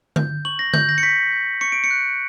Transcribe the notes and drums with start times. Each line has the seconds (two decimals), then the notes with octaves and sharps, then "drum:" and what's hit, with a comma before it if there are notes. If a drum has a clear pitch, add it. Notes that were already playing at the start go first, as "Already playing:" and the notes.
0.16 G6, drum: tom D3
0.45 C#6 F#7
0.59 A#6
0.74 G6, drum: tom D3
0.89 A#6
0.98 C#7
1.03 C#6 B6
1.32 G6
1.61 C#6 C#7
1.72 D7
1.84 C#7
1.91 F#6